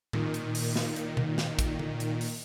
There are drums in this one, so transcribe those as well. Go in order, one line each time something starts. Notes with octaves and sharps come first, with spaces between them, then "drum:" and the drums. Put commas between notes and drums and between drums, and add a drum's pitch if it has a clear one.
A#2 D#3, drum: tom A2
drum: hi-hat
drum: open hi-hat
drum: snare
drum: hi-hat
drum: tom B2
drum: snare
drum: kick, hi-hat
drum: tom D3
drum: hi-hat
drum: open hi-hat